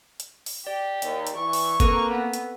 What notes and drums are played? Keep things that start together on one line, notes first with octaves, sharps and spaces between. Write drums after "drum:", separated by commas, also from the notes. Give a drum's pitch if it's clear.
drum: hi-hat
drum: open hi-hat
G4 D5
D#2, drum: hi-hat
drum: hi-hat
E3 C#6
drum: open hi-hat
A#3 C4 A4 B4, drum: kick G1, hi-hat
B3
drum: hi-hat